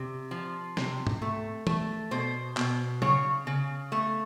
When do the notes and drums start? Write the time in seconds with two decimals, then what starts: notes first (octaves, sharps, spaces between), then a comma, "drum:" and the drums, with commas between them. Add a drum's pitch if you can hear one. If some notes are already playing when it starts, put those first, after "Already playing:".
Already playing: C3
0.31 F3
0.77 C3, drum: snare
1.07 drum: tom G#2
1.22 A3
1.67 A3, drum: tom
2.11 B2 C5
2.57 B2, drum: clap
3.02 C#3 C#5, drum: tom
3.47 C#3
3.92 A3